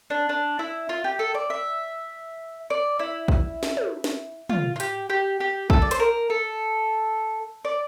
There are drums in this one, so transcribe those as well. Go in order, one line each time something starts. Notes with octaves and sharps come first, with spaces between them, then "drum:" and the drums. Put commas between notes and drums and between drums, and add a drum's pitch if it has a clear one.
D4
D4
E4
F4
G4
A4
D5
E5
D5
E4
drum: kick
drum: snare
drum: tom
drum: snare
F4, drum: tom
F4
G4, drum: hi-hat
G4
G4
A4, drum: kick
D5
C5, drum: hi-hat
A#4
A4
D5